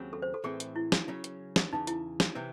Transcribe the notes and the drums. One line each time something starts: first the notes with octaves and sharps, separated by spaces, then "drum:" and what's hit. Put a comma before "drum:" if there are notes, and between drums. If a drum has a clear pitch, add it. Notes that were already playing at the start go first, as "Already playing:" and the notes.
Already playing: D#2 C#3 F#3 C4
A4
C5
A4
A2 E3 C4 G#4
drum: hi-hat
E4
drum: snare
C#3 F#3 C#4
drum: hi-hat
drum: snare
E2 C#3 E3 D#4
E4, drum: hi-hat
drum: snare
C3 E3 C4